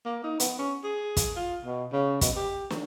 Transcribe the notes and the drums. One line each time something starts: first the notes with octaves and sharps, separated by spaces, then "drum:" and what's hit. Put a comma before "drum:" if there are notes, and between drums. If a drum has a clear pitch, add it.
A#3
D#4
B3, drum: hi-hat
C#4
G#4
drum: kick, hi-hat
F4
B2
C#3
B2, drum: kick, hi-hat
G4
drum: snare